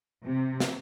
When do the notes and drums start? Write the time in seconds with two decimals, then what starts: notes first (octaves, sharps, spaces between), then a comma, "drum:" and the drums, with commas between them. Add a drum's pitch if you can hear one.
0.25 C3
0.60 drum: snare